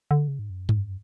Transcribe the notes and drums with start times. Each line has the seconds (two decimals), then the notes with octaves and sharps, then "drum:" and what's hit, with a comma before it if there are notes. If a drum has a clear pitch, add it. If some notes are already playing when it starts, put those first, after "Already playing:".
0.11 D3
0.28 C#3
0.39 G#2
0.50 F#2
0.69 drum: tom G2